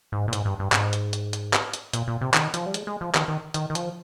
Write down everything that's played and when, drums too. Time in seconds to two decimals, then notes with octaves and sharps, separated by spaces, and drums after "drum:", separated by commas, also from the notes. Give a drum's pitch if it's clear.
0.12 G#2
0.28 A#2
0.33 G#2, drum: hi-hat
0.45 G2
0.59 G2
0.72 G#2, drum: clap
0.93 drum: hi-hat
1.13 drum: hi-hat
1.33 drum: hi-hat
1.53 drum: clap
1.74 drum: hi-hat
1.93 A#2, drum: hi-hat
2.08 A#2
2.21 C3
2.34 D#3, drum: clap
2.54 F3, drum: hi-hat
2.66 G3
2.74 G#3, drum: hi-hat
2.87 G#3
3.01 F3
3.15 D#3, drum: clap
3.28 D#3
3.54 D#3, drum: hi-hat
3.70 D#3
3.75 F3, drum: hi-hat